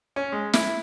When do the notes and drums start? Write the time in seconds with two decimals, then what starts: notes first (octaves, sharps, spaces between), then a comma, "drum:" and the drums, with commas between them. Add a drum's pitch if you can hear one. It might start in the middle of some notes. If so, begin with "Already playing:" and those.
0.16 C#4
0.32 G#3
0.53 E4, drum: snare